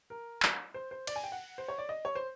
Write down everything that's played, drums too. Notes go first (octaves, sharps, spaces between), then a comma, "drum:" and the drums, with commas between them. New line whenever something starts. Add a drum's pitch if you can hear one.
A#4
drum: clap
C5
C5
D5, drum: cymbal
G#5
G5
F#5
C5
C#5
D5
D#5
C#5
C5